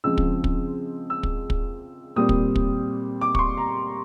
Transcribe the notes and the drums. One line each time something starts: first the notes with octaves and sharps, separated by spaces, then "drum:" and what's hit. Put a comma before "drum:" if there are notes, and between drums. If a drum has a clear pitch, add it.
C#3 F3 G#3 C4 E6
drum: kick
drum: kick
E6
drum: kick
drum: kick
A#2 G3 C4 D#6
drum: kick
drum: kick
D6
C#6, drum: kick
C6
A#5